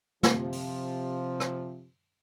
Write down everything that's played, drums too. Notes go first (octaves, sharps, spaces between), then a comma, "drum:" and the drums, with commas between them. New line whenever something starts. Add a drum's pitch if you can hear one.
C3 F3, drum: snare
drum: open hi-hat
drum: rim click